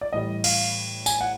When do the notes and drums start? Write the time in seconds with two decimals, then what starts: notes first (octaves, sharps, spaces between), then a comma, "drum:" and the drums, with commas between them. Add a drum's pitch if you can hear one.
0.01 D5
0.13 A2 E3 G3 D#5
0.44 F5, drum: cymbal
1.06 G#5, drum: tambourine
1.21 F#5